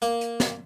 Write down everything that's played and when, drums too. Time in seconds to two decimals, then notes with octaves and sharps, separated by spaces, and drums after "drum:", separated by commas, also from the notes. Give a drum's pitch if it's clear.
0.02 A#3, drum: hi-hat
0.21 drum: hi-hat
0.40 drum: snare